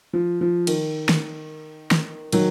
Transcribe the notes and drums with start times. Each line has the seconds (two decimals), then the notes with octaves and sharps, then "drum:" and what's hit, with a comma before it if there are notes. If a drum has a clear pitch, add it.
0.13 F3
0.41 F3
0.67 D#3, drum: cymbal
1.09 drum: snare
1.91 drum: snare
2.32 D#3 F#3, drum: cymbal